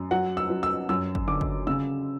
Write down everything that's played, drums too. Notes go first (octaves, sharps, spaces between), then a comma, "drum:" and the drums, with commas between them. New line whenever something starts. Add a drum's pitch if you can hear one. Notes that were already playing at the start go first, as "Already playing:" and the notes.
Already playing: F#2
F#3 F#5
E6
F#3
E6
F#2 E6
drum: kick
D3 D6
drum: kick
C#3 E6